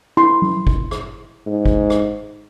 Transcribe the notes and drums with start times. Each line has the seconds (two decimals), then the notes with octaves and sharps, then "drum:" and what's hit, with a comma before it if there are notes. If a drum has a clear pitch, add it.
0.17 E4 C6
0.42 drum: tom F#3
0.67 drum: kick G1
0.91 drum: rim click
1.47 G#2
1.66 drum: kick G1
1.90 drum: rim click